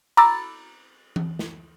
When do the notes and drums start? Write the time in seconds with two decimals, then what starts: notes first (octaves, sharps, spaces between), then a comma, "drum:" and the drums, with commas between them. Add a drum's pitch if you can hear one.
0.17 A#5 B5 D6 E6 A6, drum: cymbal
1.16 drum: tom E3
1.39 drum: snare